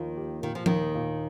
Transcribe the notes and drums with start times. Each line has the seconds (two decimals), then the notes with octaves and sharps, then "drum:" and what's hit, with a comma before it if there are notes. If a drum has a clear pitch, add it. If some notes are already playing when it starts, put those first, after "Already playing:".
Already playing: D#2 D#3 F3 A#3
0.17 G4
0.43 A#2 D#3
0.55 F3
0.66 D#2 D#3 A#3, drum: tom F3
0.95 A#2